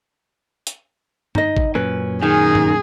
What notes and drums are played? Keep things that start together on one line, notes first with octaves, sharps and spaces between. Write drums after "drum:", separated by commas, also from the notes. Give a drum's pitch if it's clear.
drum: hi-hat
D#4 D#5, drum: tom G2
drum: kick
F#2 A#2 C#4 B4
D#3 G#4 G#5
drum: tom G2